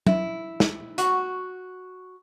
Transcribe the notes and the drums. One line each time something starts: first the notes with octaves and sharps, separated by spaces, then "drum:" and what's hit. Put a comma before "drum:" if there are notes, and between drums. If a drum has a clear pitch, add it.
E4, drum: tom
drum: snare
F#4, drum: hi-hat